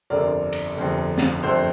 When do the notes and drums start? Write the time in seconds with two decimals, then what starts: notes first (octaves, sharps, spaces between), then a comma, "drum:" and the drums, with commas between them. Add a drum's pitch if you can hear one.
0.10 G1 F2 D3 A#4 D5
0.53 drum: cymbal
0.76 G1 F2 D3, drum: tambourine
1.18 drum: snare
1.43 G1 F2 D3 A4 C5